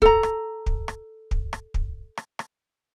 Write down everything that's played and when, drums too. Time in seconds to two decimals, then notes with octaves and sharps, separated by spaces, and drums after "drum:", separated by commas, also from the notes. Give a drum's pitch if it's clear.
0.02 A4 A#5, drum: kick
0.23 drum: rim click
0.66 drum: kick
0.88 drum: rim click
1.31 drum: kick
1.53 drum: rim click
1.74 drum: kick
2.17 drum: rim click
2.39 drum: rim click